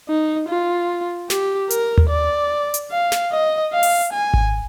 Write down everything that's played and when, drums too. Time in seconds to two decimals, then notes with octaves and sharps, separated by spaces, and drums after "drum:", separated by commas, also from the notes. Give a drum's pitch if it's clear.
0.09 D#4
0.49 F4
1.30 G4, drum: snare
1.70 A#4, drum: hi-hat
1.98 drum: tom D#2
2.10 D5
2.74 drum: hi-hat
2.91 F5
3.12 drum: snare
3.33 D#5
3.73 F5
3.83 drum: open hi-hat
4.13 G#5
4.34 drum: kick G#1